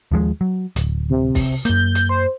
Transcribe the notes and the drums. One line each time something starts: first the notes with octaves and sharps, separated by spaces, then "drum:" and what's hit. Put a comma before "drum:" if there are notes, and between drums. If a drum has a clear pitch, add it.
D#2 F3 G#3
F#3
D1, drum: hi-hat
C3
drum: kick, open hi-hat
F#2 A#3 G6, drum: hi-hat
drum: hi-hat
C5